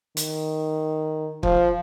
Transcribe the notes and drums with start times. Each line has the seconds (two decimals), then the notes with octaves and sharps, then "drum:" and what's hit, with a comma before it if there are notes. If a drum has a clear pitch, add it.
0.17 D#3, drum: hi-hat
1.43 F3, drum: kick